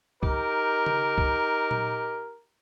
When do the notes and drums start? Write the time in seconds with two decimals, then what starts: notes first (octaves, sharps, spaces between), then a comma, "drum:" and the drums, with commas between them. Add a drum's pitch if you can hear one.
0.23 D#4 G4 A#4, drum: kick
0.86 drum: tom C#3
1.18 drum: kick
1.71 drum: tom A#2